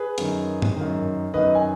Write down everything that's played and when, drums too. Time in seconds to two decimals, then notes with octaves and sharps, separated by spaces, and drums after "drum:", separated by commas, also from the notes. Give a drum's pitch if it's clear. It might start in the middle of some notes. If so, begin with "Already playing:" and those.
Already playing: G#4 B4
0.18 F#2 D#3, drum: hi-hat
0.62 drum: tom G2
0.76 F#2 D#3
1.34 F#2 D#3 B4 D#5
1.55 G#5